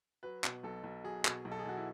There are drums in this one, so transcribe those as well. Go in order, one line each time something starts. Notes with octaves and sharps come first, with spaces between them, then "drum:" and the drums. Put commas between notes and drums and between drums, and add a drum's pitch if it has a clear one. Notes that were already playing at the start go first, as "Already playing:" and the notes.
F#3 B4
B2, drum: clap
B1 A4
B1
F#3 G#4
B2, drum: clap
B1
A4
G#4
B1 F#4
E4